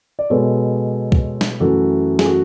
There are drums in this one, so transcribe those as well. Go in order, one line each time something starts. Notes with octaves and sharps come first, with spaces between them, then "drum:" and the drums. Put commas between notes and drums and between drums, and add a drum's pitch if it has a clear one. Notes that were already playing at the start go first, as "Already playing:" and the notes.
D5
B2 G#3 B3 A4 C#5
drum: kick
drum: snare
F#2 E3 A3 F#4 A4
G#4, drum: snare
F#4 A4